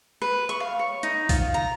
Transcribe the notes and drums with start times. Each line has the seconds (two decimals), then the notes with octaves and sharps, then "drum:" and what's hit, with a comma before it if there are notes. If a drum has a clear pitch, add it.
0.22 B4
0.49 C#6, drum: hi-hat
0.60 F5
0.79 C#5
1.03 D#4, drum: hi-hat
1.29 F4, drum: kick B1, open hi-hat
1.54 A#5, drum: hi-hat